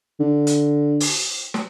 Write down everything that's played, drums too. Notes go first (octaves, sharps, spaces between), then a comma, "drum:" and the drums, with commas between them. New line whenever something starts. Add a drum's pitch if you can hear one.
D3
drum: hi-hat
drum: open hi-hat
drum: snare